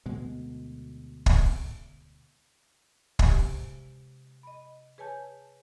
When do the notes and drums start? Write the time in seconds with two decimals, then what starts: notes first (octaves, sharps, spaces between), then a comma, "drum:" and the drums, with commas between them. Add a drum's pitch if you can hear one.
0.06 D2 B2 G#3
1.26 drum: kick
3.19 C3 G#3 G4, drum: kick
4.43 D#5 B5
4.98 G#4 B4 C#5 G#5 A5 G6